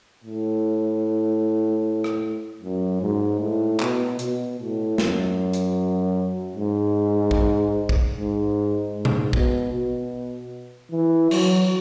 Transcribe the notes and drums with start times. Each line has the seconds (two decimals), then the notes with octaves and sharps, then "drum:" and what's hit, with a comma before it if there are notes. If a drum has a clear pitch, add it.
0.24 A2
2.04 drum: rim click
2.61 F#2
3.02 G#2
3.40 A2
3.80 B2, drum: clap
4.19 B2, drum: hi-hat
4.59 A2
4.98 F#2, drum: snare
5.53 drum: hi-hat
6.56 G#2
7.31 drum: kick
7.89 drum: kick
8.15 G#2
8.94 G#2
9.05 drum: tom A#2
9.33 B2, drum: kick
9.73 B2
10.91 E3
11.31 F#3, drum: cymbal